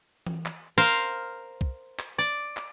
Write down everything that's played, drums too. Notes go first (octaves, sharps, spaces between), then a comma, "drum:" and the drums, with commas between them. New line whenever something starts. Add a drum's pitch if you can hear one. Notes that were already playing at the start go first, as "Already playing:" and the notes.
drum: tom E3
drum: clap
A#4 C5 F5
drum: kick
drum: clap
D5
drum: clap